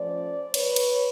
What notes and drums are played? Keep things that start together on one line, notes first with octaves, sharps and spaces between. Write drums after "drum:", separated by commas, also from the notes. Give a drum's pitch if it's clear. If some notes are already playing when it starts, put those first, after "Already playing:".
Already playing: F3 A3 C#4 C5 D5
B4 C#5, drum: cymbal
drum: cymbal